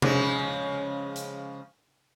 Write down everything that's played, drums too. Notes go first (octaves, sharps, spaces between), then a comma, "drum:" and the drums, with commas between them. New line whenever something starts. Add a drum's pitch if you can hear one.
C#3 F3 G#3, drum: tom C3
drum: hi-hat